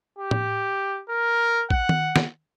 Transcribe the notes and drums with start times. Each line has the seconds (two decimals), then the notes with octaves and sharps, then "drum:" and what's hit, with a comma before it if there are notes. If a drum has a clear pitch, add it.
0.18 G4
0.31 drum: tom A2
1.09 A#4
1.70 F#5, drum: kick
1.89 drum: tom D#3
2.16 drum: snare